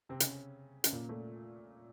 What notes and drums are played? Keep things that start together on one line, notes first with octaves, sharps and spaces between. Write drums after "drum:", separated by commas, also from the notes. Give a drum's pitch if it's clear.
C3 C4
C#3 C#4, drum: hi-hat
C#3 C#4, drum: hi-hat
A#2 A#3
A3